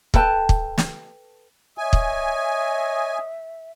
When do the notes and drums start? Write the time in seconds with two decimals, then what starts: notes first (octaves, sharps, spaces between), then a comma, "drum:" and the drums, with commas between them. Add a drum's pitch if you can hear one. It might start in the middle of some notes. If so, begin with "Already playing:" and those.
0.14 A4 B4 G5 A5, drum: kick
0.49 drum: kick
0.78 drum: snare
1.78 C#5 D#5 E5 G#5 D#6
1.93 drum: kick